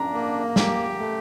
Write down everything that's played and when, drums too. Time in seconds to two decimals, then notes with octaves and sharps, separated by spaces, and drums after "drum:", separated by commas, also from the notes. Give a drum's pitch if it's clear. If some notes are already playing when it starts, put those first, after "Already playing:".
Already playing: D4 A#5
0.14 A#3
0.56 G4, drum: snare
0.99 A3